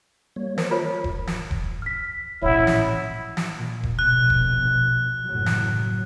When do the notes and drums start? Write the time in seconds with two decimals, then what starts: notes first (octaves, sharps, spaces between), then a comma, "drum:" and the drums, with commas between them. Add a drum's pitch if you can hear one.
0.36 G3 A#3 C#5
0.58 A#4 C5, drum: snare
0.71 F4 C#5
1.04 drum: kick E1
1.27 drum: snare
1.51 drum: kick E1
1.82 F6 B6
2.42 A1 A#2 E4 C#5 F#5
2.67 drum: snare
3.37 drum: snare
3.54 A#2
3.83 drum: kick E1
3.99 A#1 B2 F#6
4.30 drum: kick E1
5.26 F#1 A2 F#3
5.46 drum: snare
5.73 F#3